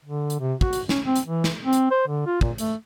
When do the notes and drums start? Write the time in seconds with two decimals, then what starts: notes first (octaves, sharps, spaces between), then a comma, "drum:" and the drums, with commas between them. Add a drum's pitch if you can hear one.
0.05 D3
0.30 drum: hi-hat
0.40 C3
0.61 F#4, drum: kick
0.73 drum: hi-hat
0.89 C#4, drum: snare
1.05 C4
1.16 drum: hi-hat
1.26 E3
1.44 drum: snare
1.64 C4
1.73 drum: hi-hat
1.91 C5
2.08 D3
2.27 F4
2.41 A#2, drum: kick
2.58 A3, drum: hi-hat